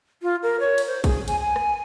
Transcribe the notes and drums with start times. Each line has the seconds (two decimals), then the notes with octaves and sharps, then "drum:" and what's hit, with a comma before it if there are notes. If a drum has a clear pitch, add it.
0.23 F4
0.43 A#4
0.60 C#5
0.78 drum: cymbal
0.87 C5
1.04 G#4, drum: kick, cymbal
1.28 G#5, drum: cymbal
1.39 G#5
1.56 drum: rim click